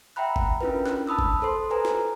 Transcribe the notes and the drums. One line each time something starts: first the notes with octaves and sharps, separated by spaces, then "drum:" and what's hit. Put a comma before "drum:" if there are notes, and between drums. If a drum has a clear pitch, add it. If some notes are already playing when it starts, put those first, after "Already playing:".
E5 F#5 G5 A#5 B5 F#6
drum: kick G1
C#4 D4 E4 F4 A#4 B4
F#6, drum: snare
A5 B5 D#6 E6
drum: kick G1
A4 C5 C6
A4 B4 C5 G#5 A#5
drum: snare